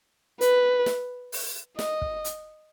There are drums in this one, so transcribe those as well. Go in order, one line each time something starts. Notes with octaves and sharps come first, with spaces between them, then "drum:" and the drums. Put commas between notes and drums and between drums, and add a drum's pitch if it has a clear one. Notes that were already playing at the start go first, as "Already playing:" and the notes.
B4, drum: hi-hat
drum: snare
drum: open hi-hat
D#5, drum: snare
drum: kick
drum: hi-hat